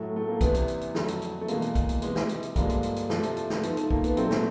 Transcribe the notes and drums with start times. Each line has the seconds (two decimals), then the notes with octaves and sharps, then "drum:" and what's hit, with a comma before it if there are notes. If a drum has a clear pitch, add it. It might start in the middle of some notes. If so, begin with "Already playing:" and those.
Already playing: A2 F#3 A3
0.16 A3
0.28 A#3
0.41 E2 C3 E3 B3, drum: kick, hi-hat
0.55 drum: hi-hat
0.68 drum: hi-hat
0.81 drum: hi-hat
0.95 F2 D3 F#3 A3, drum: snare
1.08 drum: hi-hat
1.22 drum: hi-hat
1.41 A3
1.48 E2 B2 G#3 A#3, drum: hi-hat
1.62 drum: hi-hat
1.75 drum: kick, hi-hat
1.89 drum: hi-hat
2.02 C3 E3 G#3, drum: hi-hat
2.16 drum: snare
2.29 drum: hi-hat
2.43 drum: hi-hat
2.56 G2 D3 F3 G#3 A#3, drum: kick, hi-hat
2.69 drum: hi-hat
2.83 drum: hi-hat
2.96 drum: hi-hat
3.10 C3 F3 A3, drum: snare
3.23 drum: hi-hat
3.37 drum: hi-hat
3.50 drum: snare
3.63 G#2 F3 A3 B3, drum: hi-hat
3.77 drum: hi-hat
3.91 A#3, drum: kick
4.04 B3, drum: hi-hat
4.17 A#2 F#3 A3 C4, drum: hi-hat
4.31 drum: snare